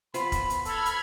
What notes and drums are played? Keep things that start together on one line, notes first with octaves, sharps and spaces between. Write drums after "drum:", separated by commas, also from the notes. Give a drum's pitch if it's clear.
B3 F4 C5 B5, drum: hi-hat
drum: kick E1, hi-hat
drum: hi-hat
A4 B5 F6 G#6, drum: hi-hat
drum: hi-hat